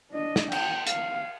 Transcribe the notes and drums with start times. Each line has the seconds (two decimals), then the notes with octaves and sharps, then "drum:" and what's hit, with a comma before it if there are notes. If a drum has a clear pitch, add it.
0.11 D4 D#5
0.36 drum: snare
0.52 G5, drum: cymbal
0.87 F5, drum: hi-hat